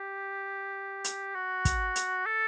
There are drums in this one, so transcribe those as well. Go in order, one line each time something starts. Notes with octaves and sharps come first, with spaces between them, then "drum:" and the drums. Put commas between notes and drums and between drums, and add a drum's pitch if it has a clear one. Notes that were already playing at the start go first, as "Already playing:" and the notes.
Already playing: G4
drum: hi-hat
F#4
drum: kick, hi-hat
drum: hi-hat
A4